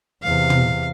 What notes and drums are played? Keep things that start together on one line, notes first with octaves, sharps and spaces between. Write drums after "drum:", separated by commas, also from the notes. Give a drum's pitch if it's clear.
E2 C3 F5
drum: tom